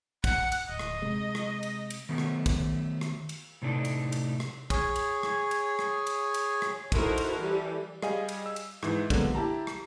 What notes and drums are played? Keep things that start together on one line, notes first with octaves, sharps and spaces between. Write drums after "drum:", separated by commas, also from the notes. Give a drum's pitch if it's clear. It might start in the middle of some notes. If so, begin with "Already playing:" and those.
F#5, drum: kick, cymbal
drum: cymbal
D1 D#5
drum: rim click
C3 G#3
drum: rim click
drum: cymbal
drum: cymbal
D#3 F#3 A3 B3
drum: rim click
drum: kick, cymbal
drum: rim click
drum: cymbal
A2 C3 A3 D4 D#4
drum: cymbal
drum: cymbal
drum: rim click
G#4 C#5, drum: kick, cymbal
drum: cymbal
drum: rim click
drum: cymbal
drum: rim click
drum: cymbal
drum: cymbal
drum: rim click
D#4 E4 F#4 A4 A#4 C5, drum: kick, cymbal
drum: cymbal
E3 G3 A4
G3 G#4 D#5 F5 G#5, drum: rim click
drum: cymbal
E6
drum: cymbal
G#2 E3, drum: rim click
D3 F#3 G#3 A#3 B3, drum: kick, cymbal
E4 G4 A5 A#5
drum: rim click